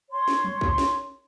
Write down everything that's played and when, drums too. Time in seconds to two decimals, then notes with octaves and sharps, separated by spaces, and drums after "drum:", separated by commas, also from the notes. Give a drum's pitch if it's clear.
0.11 C#5 C6
0.28 drum: snare
0.44 drum: tom F3
0.61 drum: kick
0.78 drum: snare